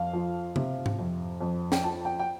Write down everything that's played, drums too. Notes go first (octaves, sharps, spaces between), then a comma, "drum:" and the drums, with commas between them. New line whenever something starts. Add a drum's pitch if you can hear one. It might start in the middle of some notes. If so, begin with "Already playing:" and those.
Already playing: F2 F5
F3
C3, drum: tom C#3
drum: tom G#2
F2
F2
G5, drum: snare
F3 A5
G5
G5